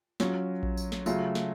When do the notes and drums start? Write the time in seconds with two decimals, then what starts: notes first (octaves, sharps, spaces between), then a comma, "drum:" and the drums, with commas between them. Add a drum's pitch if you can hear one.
0.20 F#3 C#4 F4, drum: snare
0.63 drum: kick A#1
0.77 drum: tambourine
0.92 drum: snare
1.06 C#3 F#3 A3 F4, drum: tambourine
1.35 drum: snare